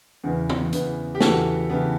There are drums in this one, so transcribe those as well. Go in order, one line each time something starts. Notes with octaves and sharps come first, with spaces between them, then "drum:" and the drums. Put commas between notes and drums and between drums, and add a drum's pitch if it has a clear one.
E2 C#3 E3 B3
drum: tom D#3
E2 C#3 E3 B3, drum: hi-hat
G4
E2 C#3 E3 B3 F#4 A4, drum: snare
C#3 E3 B3